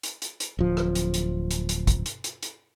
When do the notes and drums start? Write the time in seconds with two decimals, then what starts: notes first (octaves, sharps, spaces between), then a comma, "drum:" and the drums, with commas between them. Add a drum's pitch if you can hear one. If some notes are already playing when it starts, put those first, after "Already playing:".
0.03 drum: hi-hat
0.22 drum: hi-hat
0.40 drum: hi-hat
0.59 D1 F3
0.77 drum: rim click
0.95 drum: hi-hat
1.14 drum: hi-hat
1.51 drum: hi-hat
1.69 drum: hi-hat
1.87 drum: kick, hi-hat
2.06 drum: hi-hat
2.24 drum: hi-hat
2.43 drum: hi-hat